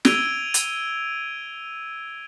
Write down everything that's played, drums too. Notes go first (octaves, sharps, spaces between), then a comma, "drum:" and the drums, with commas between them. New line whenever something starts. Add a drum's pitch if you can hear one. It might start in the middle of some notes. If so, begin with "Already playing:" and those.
E6 G#6 D7 D#7 F7 G7, drum: snare
drum: hi-hat